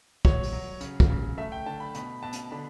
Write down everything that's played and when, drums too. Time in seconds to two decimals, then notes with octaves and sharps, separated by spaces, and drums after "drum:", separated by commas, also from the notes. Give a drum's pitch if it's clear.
0.25 F#3 C#5, drum: kick
0.43 drum: open hi-hat
0.53 F#3
0.81 C#3, drum: hi-hat
1.00 drum: kick
1.10 C#3
1.38 A3 E5
1.52 G5
1.66 D3 A5
1.80 B5
1.94 B2 B5, drum: hi-hat
2.23 B2 A5
2.33 drum: hi-hat
2.51 D3 B5